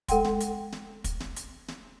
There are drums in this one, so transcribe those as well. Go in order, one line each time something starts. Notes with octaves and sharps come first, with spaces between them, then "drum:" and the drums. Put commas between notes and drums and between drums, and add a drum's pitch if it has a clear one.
G#3 A4 F#5 G5 C6, drum: kick, hi-hat
drum: snare
drum: hi-hat
drum: snare
drum: kick, hi-hat
drum: snare
drum: hi-hat
drum: snare